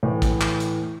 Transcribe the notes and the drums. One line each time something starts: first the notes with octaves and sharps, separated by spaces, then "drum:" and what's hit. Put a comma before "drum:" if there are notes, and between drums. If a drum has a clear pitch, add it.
A2 E3
drum: kick, hi-hat
drum: clap
drum: hi-hat